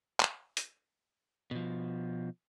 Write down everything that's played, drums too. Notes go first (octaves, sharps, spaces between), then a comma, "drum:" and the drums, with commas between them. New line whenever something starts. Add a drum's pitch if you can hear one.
drum: clap
drum: hi-hat
B2 F3